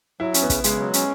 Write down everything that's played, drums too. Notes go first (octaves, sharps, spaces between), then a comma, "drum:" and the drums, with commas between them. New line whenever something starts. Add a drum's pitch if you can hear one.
F#3 E4
C#4, drum: hi-hat
B3
C#3, drum: kick, hi-hat
C#3 G#3, drum: hi-hat
F#3
C#4, drum: hi-hat